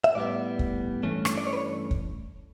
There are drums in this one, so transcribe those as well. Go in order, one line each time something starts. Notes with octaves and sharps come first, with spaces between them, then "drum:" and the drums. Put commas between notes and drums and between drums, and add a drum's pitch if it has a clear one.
E5
A2 G3 B3 D5
drum: kick
G2 E3 A3 C#4
drum: rim click
D5
C#5
B4
C#5
drum: kick